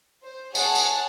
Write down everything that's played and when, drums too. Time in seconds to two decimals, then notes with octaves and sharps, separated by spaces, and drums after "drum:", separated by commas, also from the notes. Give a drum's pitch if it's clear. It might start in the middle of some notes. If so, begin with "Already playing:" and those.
0.25 C5
0.55 G#4 C#5 F#5 A5, drum: tambourine
0.75 drum: tambourine